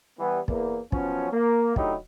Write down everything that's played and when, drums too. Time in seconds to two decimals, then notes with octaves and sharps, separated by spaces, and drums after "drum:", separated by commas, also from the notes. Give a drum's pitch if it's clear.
0.20 E3 G3 B3
0.48 E2 A#3, drum: kick
0.92 F3 F#3 B3 C#4, drum: kick
1.32 A#3
1.76 D3 F#3 A3 D#4 E4 G4, drum: kick